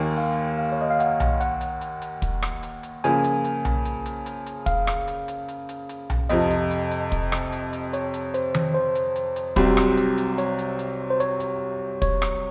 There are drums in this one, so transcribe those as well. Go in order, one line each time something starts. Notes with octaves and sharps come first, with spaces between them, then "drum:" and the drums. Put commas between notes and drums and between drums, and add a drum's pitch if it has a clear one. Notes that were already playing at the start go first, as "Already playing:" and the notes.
Already playing: D#2 D#3 A#3 G#5
F5
F5
C#5
D#5
F5
F#5, drum: hi-hat
drum: tom B1
F#5, drum: hi-hat
drum: hi-hat
drum: hi-hat
drum: hi-hat
drum: kick, hi-hat
drum: rim click
drum: hi-hat
drum: hi-hat
C#3 F3 A#3 G#5, drum: hi-hat
drum: hi-hat
drum: hi-hat
drum: tom B1
drum: hi-hat
drum: hi-hat
drum: hi-hat
drum: hi-hat
F5, drum: kick, hi-hat
drum: rim click
drum: hi-hat
drum: hi-hat
drum: hi-hat
drum: hi-hat
drum: hi-hat
drum: tom B1
F2 C3 F3 D#5, drum: hi-hat
drum: hi-hat
drum: hi-hat
drum: hi-hat
drum: kick, hi-hat
drum: rim click
drum: hi-hat
drum: hi-hat
C#5, drum: hi-hat
drum: hi-hat
C5, drum: hi-hat
drum: tom D#3
C5
drum: hi-hat
drum: hi-hat
drum: hi-hat
C2 C3 F#3 C4, drum: kick, hi-hat
drum: rim click
drum: hi-hat
drum: hi-hat
C#5, drum: hi-hat
drum: hi-hat
drum: hi-hat
C5
C#5, drum: hi-hat
drum: hi-hat
C#5, drum: kick, hi-hat
drum: rim click